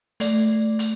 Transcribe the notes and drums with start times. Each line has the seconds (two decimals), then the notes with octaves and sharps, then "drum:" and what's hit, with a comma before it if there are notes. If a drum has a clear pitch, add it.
0.20 A3 D5, drum: hi-hat
0.79 drum: hi-hat